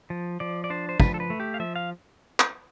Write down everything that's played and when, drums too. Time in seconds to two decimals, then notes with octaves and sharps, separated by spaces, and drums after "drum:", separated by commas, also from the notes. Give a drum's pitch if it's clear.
0.10 F3
0.40 F3 D5
0.64 D5
0.70 D4 C5
0.89 C5
1.00 F3 B4, drum: kick
1.14 A4
1.20 B4
1.30 A3
1.40 G4
1.54 F5
1.60 F3 E5
1.76 F5
2.40 drum: clap